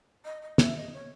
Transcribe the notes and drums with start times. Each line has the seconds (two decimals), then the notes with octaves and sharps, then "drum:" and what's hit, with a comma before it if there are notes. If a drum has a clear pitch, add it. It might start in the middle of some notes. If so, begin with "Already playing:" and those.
0.24 D#5
0.41 D#5
0.58 E5, drum: snare
0.76 D#5
0.93 C#5